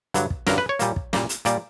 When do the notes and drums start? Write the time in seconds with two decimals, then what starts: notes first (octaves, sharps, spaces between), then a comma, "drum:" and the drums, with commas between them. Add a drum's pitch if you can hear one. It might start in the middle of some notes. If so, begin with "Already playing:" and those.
0.14 G2 D3 F#3, drum: hi-hat
0.30 drum: kick
0.47 G2 D3 F#3 A#4, drum: snare
0.58 B4
0.69 C#5
0.79 A#2 G3 A#3, drum: hi-hat
0.96 drum: kick
1.13 A#2 G3 A#3, drum: snare
1.29 drum: hi-hat
1.45 A#2 G3 A#3 D5, drum: hi-hat